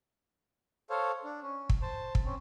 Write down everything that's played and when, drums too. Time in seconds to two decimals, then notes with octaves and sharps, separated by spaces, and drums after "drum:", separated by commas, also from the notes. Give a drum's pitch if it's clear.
0.90 A4 C5 C#5 F5
1.24 D4
1.42 C#4
1.70 drum: kick
1.82 C5 A5
2.15 drum: kick
2.25 C4 C#4